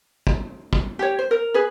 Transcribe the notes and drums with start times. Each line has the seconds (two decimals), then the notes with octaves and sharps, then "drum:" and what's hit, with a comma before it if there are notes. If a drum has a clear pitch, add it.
0.27 drum: kick
0.73 drum: kick
0.99 G4 C#5
1.19 C5
1.31 A#4
1.54 G#4 B4